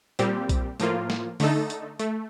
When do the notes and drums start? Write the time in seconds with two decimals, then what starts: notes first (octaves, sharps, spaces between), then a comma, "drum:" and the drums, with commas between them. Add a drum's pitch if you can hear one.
0.19 A#2 G3 C4 G4, drum: hi-hat
0.49 drum: kick B1, hi-hat
0.80 A2 F3 A#3 F4, drum: hi-hat
1.10 drum: snare
1.40 D3 A3 D#4 A4, drum: open hi-hat
1.70 drum: hi-hat
1.99 A3, drum: hi-hat